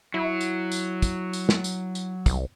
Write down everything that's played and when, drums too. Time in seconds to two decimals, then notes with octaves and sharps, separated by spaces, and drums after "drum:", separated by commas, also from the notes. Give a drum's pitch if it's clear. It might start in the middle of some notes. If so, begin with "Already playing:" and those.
0.14 F#3 E4
0.41 drum: tambourine
0.72 drum: tambourine
1.02 drum: kick, tambourine
1.33 drum: tambourine
1.49 drum: snare
1.64 drum: tambourine
1.95 drum: tambourine
2.26 C2, drum: kick, tambourine